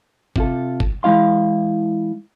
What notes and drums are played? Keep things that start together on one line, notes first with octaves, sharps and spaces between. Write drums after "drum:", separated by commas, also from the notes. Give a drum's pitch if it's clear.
C3 F4 A4, drum: kick G1
drum: kick G1
E3 G#3 E4 F5 C6